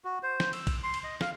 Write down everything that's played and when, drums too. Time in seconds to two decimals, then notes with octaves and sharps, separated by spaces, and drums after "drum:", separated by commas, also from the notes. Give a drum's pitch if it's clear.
0.05 F#4
0.23 C5
0.40 drum: snare
0.53 E6, drum: cymbal
0.67 drum: kick, cymbal
0.83 C6
0.94 drum: cymbal
1.04 D#5
1.21 F5, drum: snare